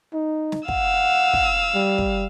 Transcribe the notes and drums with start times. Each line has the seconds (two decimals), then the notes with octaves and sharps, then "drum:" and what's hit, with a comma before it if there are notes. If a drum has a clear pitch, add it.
0.13 D#4
0.52 drum: snare
0.68 F5 F#5 E6, drum: kick
1.33 drum: kick
1.75 G3
1.98 drum: kick